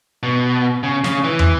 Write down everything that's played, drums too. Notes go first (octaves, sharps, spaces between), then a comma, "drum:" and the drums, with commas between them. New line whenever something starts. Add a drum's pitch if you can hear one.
B2
C#3
C#3, drum: snare
E3
drum: tom